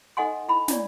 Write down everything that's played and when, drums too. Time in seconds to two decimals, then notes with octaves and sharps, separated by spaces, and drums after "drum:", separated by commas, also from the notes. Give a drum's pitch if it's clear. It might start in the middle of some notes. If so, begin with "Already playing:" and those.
0.17 D#4 A4 D#5 F#5 G#5 C6
0.49 E4 B5
0.68 D4 E4 C#5 D5, drum: snare